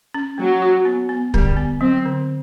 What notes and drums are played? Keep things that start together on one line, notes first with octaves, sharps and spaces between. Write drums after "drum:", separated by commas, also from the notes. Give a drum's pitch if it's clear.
C#4
F#3 A#3
F#4
B3
B3
D3 G3, drum: kick
B3
F#3 C4
D3